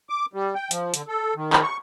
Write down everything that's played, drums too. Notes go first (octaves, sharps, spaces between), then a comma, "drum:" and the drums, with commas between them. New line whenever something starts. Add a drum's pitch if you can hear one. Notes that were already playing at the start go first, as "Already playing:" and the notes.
D6
G3
G5
F3, drum: hi-hat
D3, drum: hi-hat
A4
D#3
drum: clap
C#6